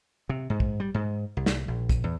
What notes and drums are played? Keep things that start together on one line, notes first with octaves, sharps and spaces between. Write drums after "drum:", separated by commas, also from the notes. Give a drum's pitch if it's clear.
C3
G#2
drum: kick
G3
G#2
C2
drum: snare
A#1
drum: kick, hi-hat
E2